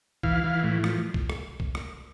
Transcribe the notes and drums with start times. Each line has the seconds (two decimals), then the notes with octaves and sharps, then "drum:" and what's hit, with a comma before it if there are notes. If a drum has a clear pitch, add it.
0.23 E3 F5, drum: kick
0.44 E3
0.63 A2
0.84 F3, drum: rim click
1.14 drum: kick
1.30 drum: rim click
1.60 drum: kick
1.75 drum: rim click